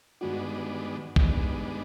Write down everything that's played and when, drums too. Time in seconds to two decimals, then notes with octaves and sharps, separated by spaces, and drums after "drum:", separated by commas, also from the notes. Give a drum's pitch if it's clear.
0.21 G2 D#3 G#3 B3 D4 F#4
1.16 G2 D#3 G#3 B3 D4, drum: kick A#1